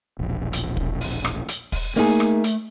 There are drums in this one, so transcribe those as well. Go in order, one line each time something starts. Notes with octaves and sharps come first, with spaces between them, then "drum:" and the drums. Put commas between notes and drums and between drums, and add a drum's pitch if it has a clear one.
E1 A#1
drum: hi-hat
drum: kick
drum: open hi-hat
drum: rim click
drum: hi-hat
drum: kick, open hi-hat
A3 A#3 D#4 G#4, drum: open hi-hat
drum: rim click
drum: hi-hat